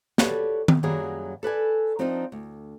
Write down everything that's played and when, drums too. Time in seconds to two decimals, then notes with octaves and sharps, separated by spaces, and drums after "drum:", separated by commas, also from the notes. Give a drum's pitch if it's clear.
0.18 F#4 G4 A4 B4 C#5 D5, drum: snare
0.68 drum: tom D#3
0.83 F#2 F#3 G3 A#3 G#4
1.43 A4 B4 D5 G#5
1.99 F3 C4 D4 D#4 F4 A#4
2.32 D2